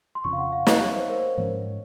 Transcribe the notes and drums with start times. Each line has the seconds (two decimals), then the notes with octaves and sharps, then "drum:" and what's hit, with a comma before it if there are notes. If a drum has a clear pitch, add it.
0.15 C6
0.24 F2 C#3 F3 C#6
0.33 F5
0.39 F#5
0.52 F5
0.67 D#5, drum: snare
0.81 C#5
0.95 C5
1.09 A#4
1.24 C5
1.37 G#2 F3 A#3 C#4 C#5